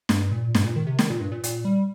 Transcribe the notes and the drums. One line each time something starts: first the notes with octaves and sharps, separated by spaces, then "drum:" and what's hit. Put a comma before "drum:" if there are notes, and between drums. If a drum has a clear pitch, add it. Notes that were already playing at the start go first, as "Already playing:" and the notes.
G2, drum: snare
A#2
G2, drum: snare
A#2
D#3
C3
D#3, drum: snare
A#2
G2
A#2
A#2, drum: hi-hat
G3